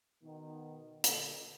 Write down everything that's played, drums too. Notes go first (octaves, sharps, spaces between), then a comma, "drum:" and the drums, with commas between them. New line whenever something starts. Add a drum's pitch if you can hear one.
B2 D#3
A#2 D3, drum: hi-hat